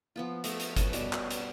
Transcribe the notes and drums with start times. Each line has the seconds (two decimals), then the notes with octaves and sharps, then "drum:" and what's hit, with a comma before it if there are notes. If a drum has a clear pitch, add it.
0.16 F3 B3 F4
0.44 A3, drum: hi-hat
0.60 drum: hi-hat
0.76 C#4 A4 B4, drum: kick G1, hi-hat
0.93 B2 G3 F5, drum: hi-hat
1.13 C#5, drum: clap
1.31 drum: hi-hat